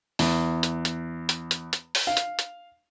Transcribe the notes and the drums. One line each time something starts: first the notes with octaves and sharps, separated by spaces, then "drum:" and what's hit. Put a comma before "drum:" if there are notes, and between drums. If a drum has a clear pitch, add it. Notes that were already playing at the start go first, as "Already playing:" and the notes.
E2, drum: open hi-hat
drum: hi-hat
drum: hi-hat
drum: hi-hat
drum: hi-hat
drum: hi-hat
drum: open hi-hat
F5
drum: hi-hat
drum: hi-hat